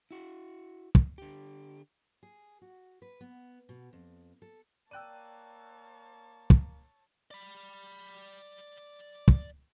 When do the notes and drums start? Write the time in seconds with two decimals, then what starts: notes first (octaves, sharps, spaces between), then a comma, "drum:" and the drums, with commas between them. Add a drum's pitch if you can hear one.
0.11 E4 F#4
0.95 drum: kick
1.18 D3 G4
2.23 G#4
2.61 F#4
3.02 B4
3.21 B3
3.69 B2
3.93 F2
4.42 A4
4.91 A#3 C#5 D5 G5 A5 E6 F#6 D#7
6.50 drum: kick
7.31 D5 B5
9.28 drum: kick